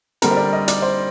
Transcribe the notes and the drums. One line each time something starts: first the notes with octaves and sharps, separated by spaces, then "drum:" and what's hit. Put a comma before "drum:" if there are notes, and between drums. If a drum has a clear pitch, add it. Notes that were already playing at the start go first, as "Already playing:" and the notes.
D3 G3 C4 A#4, drum: hi-hat
C5
D5
D#5
D5, drum: hi-hat
C5